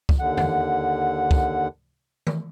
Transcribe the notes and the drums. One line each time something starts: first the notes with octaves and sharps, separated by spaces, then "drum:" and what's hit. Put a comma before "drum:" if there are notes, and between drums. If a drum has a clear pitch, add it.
drum: kick
D#2 D3 F#5
drum: tom
drum: kick
drum: tom D#3